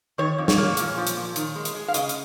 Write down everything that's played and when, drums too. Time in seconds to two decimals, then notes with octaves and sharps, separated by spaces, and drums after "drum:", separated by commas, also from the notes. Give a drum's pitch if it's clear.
0.18 D#3 C#5
0.38 F2
0.48 C#5, drum: snare
0.57 A#3
0.77 A#2, drum: hi-hat
0.97 F3
1.07 drum: hi-hat
1.17 A#2
1.36 D#3, drum: hi-hat
1.55 G#3
1.65 drum: hi-hat
1.75 G#3
1.88 F5
1.94 C#3 D#5, drum: hi-hat
2.09 drum: hi-hat